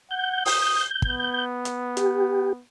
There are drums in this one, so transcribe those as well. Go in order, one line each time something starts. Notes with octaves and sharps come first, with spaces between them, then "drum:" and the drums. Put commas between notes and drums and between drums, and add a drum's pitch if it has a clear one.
F#5 G6
D#6, drum: open hi-hat
B3, drum: kick
drum: hi-hat
G4, drum: hi-hat